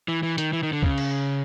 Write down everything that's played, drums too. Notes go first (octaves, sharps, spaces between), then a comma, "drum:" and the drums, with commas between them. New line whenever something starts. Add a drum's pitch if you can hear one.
E3
E3
D#3, drum: hi-hat
E3
D#3
D3
C#3, drum: kick C#2
drum: cymbal